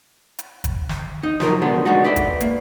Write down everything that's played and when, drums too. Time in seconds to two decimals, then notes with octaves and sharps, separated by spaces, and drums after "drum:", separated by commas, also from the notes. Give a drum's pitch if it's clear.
0.39 drum: hi-hat
0.64 drum: kick, hi-hat
0.89 drum: snare
1.23 D#4
1.40 F3 F#3 A#4, drum: snare
1.62 B2 D3 G#3 A3 B3 D4
1.85 G#3 A3 D4 D#4 F#4
2.04 B4 D5 E5
2.16 drum: kick, hi-hat
2.41 A#3, drum: hi-hat